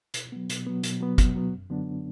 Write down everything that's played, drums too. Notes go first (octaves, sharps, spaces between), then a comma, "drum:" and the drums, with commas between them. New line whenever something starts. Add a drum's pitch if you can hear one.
B2, drum: hi-hat
F#3 B3
B2, drum: hi-hat
F#3 B3
B2, drum: hi-hat
F#3 B3
B2, drum: kick, hi-hat
F#3 B3
F#2
D3 F#3 B3 D4